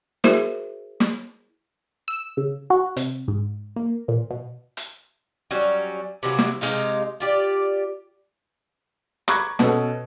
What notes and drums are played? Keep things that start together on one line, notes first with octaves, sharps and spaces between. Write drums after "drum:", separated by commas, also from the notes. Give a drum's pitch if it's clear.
E4 F#4 G#4 A#4 C5 E5, drum: snare
drum: snare
E6
C#3
F#4
C3, drum: hi-hat
G#2
A#3
A#2
B2
drum: hi-hat
F#3 G3 C#4
C3 E3 F#3 A#3
drum: snare
C3 G#3 D#4 F5, drum: open hi-hat
F4 G4 D5
A#5 B5 C#6 D6 F#6 G#6, drum: rim click
B2 B3 C#4 F#4 A4, drum: snare